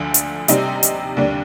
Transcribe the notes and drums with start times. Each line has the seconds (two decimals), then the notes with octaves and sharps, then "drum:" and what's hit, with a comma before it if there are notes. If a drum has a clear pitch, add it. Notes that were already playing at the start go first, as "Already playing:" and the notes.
Already playing: D2 D3 F3
0.14 drum: hi-hat
0.48 C3 G3 C4 D#4, drum: hi-hat
0.83 drum: hi-hat
1.17 D#2 D3 G3 D4